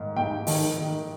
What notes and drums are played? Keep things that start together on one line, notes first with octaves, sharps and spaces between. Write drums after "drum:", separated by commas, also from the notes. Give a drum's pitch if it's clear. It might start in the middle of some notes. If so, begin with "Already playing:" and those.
Already playing: G#2 D#3
G#2 G5
D#3, drum: open hi-hat
D#3